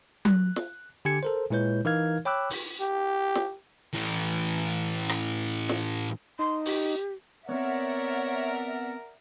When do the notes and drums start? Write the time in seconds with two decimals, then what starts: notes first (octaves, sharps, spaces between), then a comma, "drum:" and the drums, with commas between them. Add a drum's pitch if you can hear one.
0.25 F#6, drum: tom F#3
0.56 drum: snare
1.05 D3 G4 G#5 G#6 C#7
1.23 A4 A#4 C5
1.50 A#2 G#3 E4 B4 C#5 G6
1.85 E3 D#4 A#4 F5 F6 G#6
2.25 C#5 G5 B5 D6 E6 F#6
2.50 drum: open hi-hat
2.80 G4
3.35 drum: snare
3.94 A2 E3
4.58 drum: hi-hat
5.09 drum: rim click
5.69 drum: snare
6.39 D#4 C6
6.66 G4, drum: open hi-hat
7.49 B3 C4 A#4 C#5 D5 E5 F#5